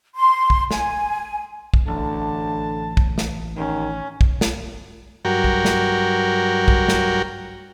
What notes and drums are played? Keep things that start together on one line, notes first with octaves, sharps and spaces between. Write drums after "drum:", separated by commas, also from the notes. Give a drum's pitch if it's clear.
C6
drum: kick A#1
G#5, drum: snare
drum: kick A#1
A1 D3 A5
drum: kick A#1
drum: snare
D#3 C#4
drum: kick A#1
drum: snare
G2 F#3 F#4 A#4 G5
drum: kick A#1
drum: snare
drum: kick A#1
drum: snare